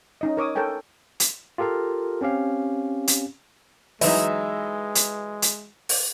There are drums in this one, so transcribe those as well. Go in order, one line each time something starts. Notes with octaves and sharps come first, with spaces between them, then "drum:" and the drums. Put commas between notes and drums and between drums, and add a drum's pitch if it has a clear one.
C#4 D#4 D#5
A#4 C#5 D6 D#6
A4 A#4 C#5 G5 G#5
drum: hi-hat
F4 G4 A4 A#4 F5
C4 C#4 G4 F5
drum: hi-hat
E3 F#3 G#3 D#4 E5, drum: open hi-hat
drum: hi-hat
drum: hi-hat
drum: open hi-hat